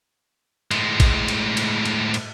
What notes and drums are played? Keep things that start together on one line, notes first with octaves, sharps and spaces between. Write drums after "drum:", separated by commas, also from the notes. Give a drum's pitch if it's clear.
A2 G#3, drum: cymbal
drum: kick A1, cymbal
drum: cymbal
drum: cymbal
drum: cymbal
drum: cymbal